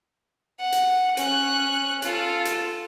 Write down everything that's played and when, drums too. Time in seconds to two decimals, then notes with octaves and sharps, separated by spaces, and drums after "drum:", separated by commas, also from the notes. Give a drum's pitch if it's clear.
0.60 F#5
0.72 drum: hi-hat
1.17 C#4 F#6, drum: hi-hat
2.02 F4 A4, drum: hi-hat
2.45 drum: hi-hat